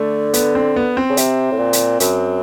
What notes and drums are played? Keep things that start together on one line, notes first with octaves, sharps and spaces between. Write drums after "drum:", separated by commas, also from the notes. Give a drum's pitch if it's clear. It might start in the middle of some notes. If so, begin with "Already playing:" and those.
Already playing: D3 A3
B3, drum: hi-hat
C4
B3
C4
C#3
C3, drum: hi-hat
A2
A#2
drum: hi-hat
F#2, drum: hi-hat